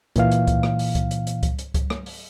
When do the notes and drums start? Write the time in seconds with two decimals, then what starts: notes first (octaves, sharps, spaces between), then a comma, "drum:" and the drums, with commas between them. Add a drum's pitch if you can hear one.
0.16 A#2 E3 F5, drum: kick C#2, hi-hat
0.32 drum: hi-hat
0.47 drum: kick C#2, hi-hat
0.63 drum: rim click
0.79 drum: open hi-hat
0.95 drum: kick C#2, hi-hat
1.11 drum: hi-hat
1.27 drum: hi-hat
1.43 drum: kick C#2, hi-hat
1.59 drum: hi-hat
1.74 drum: kick C#2, hi-hat
1.90 drum: rim click
2.06 drum: open hi-hat